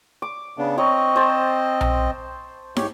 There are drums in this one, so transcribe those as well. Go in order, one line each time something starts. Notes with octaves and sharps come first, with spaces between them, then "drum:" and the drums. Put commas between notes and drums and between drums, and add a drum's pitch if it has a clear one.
D6
C#3 B3 D4
C4 C#5 D#5 A#5 C#6
C5 A5
drum: tom B1
G#2 G4 C#5, drum: snare